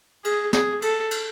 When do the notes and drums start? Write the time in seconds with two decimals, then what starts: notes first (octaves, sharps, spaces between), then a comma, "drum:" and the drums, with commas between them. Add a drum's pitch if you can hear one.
0.25 G#4, drum: cymbal
0.53 G#4, drum: snare
0.82 A4, drum: cymbal
1.11 drum: cymbal